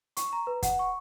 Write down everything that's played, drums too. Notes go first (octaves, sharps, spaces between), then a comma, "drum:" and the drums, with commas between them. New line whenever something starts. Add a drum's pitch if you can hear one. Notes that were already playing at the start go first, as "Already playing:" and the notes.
C#6, drum: hi-hat
A#5
B4
F#5, drum: kick, hi-hat
C#6